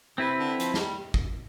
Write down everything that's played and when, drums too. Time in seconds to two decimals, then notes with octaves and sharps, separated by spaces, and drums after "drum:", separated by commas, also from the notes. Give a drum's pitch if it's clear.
0.18 C3 C4 E4 B4
0.39 D3
0.60 F3, drum: hi-hat
0.74 F3, drum: snare
0.80 G3
1.14 drum: kick A1